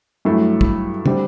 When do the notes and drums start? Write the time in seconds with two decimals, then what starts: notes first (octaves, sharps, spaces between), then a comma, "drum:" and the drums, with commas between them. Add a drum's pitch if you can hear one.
0.25 G2 F#3 A3 E4
0.61 drum: kick
1.06 D3 G3 C4, drum: tom